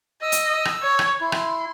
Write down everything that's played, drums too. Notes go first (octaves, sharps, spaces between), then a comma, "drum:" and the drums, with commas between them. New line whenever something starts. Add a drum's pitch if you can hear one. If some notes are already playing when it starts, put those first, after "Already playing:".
D#5 E6
drum: hi-hat
drum: rim click
C#5
drum: rim click
E4 C6
drum: rim click